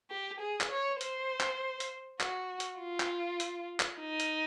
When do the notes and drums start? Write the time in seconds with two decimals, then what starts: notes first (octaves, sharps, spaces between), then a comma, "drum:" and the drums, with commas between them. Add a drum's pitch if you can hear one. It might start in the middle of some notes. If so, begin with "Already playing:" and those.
0.10 G4
0.40 G#4
0.61 drum: clap
0.71 C#5
1.01 C5, drum: hi-hat
1.40 drum: clap
1.80 drum: hi-hat
2.20 F#4, drum: clap
2.60 drum: hi-hat
2.80 F4
3.00 drum: clap
3.40 drum: hi-hat
3.80 drum: clap
4.00 D#4
4.20 drum: hi-hat